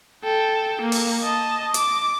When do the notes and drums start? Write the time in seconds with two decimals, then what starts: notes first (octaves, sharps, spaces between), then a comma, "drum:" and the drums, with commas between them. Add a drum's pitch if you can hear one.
0.24 A4 G5
0.82 A#3
0.92 drum: open hi-hat
1.23 D#5 A5
1.74 D6, drum: hi-hat